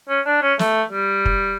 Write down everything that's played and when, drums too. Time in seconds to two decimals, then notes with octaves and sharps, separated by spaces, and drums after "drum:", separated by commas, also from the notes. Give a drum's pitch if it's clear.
0.09 C#4
0.26 D4
0.42 C#4
0.59 A3, drum: snare
0.92 G3
1.25 drum: kick